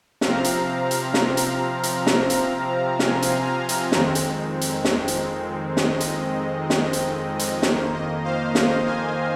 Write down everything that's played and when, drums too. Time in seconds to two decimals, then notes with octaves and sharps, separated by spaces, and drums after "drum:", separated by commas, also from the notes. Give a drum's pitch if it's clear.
0.21 C3 F3 C4 F5 A#5, drum: snare
0.44 drum: hi-hat
0.91 drum: hi-hat
1.14 drum: snare
1.37 drum: hi-hat
1.83 drum: hi-hat
2.07 drum: snare
2.30 drum: hi-hat
2.99 G#5 C6, drum: snare
3.22 drum: hi-hat
3.45 F5 A#5
3.69 drum: hi-hat
3.92 F2 D#3 G#3 C4, drum: snare
4.15 drum: hi-hat
4.61 drum: hi-hat
4.85 drum: snare
5.08 drum: hi-hat
5.77 D#5, drum: snare
6.00 drum: hi-hat
6.70 drum: snare
6.93 drum: hi-hat
7.39 drum: hi-hat
7.62 F2 D#3 A#3 C5, drum: snare
7.94 D#5
8.24 C5 F5
8.55 D#5, drum: snare
8.86 D#5 G#5